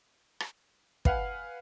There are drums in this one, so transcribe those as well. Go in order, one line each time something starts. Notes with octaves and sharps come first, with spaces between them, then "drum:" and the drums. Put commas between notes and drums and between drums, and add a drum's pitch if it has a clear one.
drum: rim click
B4 F5 F#5 G#5, drum: kick